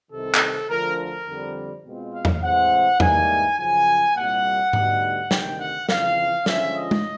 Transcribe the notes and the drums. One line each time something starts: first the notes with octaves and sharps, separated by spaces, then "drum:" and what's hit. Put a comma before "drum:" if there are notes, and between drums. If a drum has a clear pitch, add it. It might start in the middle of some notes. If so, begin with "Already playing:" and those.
C2 C3 D#3 A4
drum: clap
D2 D3 F3 A#4
A#4
F2 D3 G3 C4
B2 G#3 C4 F4
F5
drum: tom E2
A2 E3 G#3 C4 F#5
G#2 E3 G3 A#3 D#4 G#5, drum: tom E2
F#2 C#3 F3 G#5
C2 A#2 G3 A#3 F#5
D2 D3 G3 B3 D#4, drum: tom G#2
D2 C3 D#3 G5, drum: snare
F#5
F2 C#3 E3 F5, drum: snare
D3 F3 G#3 C#4 F4 E5, drum: snare
D#5
drum: tom G#3